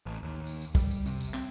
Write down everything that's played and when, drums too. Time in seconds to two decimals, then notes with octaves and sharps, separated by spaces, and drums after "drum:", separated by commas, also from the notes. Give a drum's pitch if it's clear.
0.06 A1
0.23 D#2
0.47 drum: tambourine
0.62 drum: tambourine
0.75 G3, drum: kick, tambourine
0.91 drum: tambourine
1.06 C3, drum: tambourine
1.21 drum: tambourine
1.34 C4, drum: clap